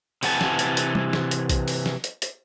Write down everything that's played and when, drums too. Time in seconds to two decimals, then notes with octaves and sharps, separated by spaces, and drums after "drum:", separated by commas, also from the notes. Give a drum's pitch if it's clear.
0.23 C3 E3 F#5 G#5 A5, drum: open hi-hat
0.41 drum: snare
0.59 drum: hi-hat
0.77 drum: hi-hat
0.95 drum: tom
1.13 drum: snare
1.31 drum: hi-hat
1.50 drum: kick A#1, hi-hat
1.68 drum: open hi-hat
1.86 drum: snare
2.04 drum: hi-hat
2.22 drum: hi-hat